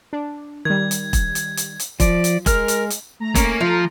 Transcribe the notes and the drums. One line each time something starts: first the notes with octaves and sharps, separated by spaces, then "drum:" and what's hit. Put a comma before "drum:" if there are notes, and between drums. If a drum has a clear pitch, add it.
D4
D#3 G3 G#6
drum: hi-hat
drum: kick E1, hi-hat
drum: hi-hat
drum: hi-hat
drum: hi-hat
F3 D5, drum: kick E1, hi-hat
drum: hi-hat
G#3 A#4 F6, drum: kick E1, hi-hat
drum: hi-hat
drum: hi-hat
A3 A#5
A#3 C#4, drum: kick E1, hi-hat
F3 F4